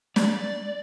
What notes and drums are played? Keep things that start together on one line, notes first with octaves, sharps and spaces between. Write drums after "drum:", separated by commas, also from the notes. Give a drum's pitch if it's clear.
D5, drum: snare